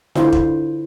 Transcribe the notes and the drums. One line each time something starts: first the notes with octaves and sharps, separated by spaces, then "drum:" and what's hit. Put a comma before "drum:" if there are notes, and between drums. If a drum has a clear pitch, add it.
D3 E4 F4 C5, drum: snare F4
drum: kick E1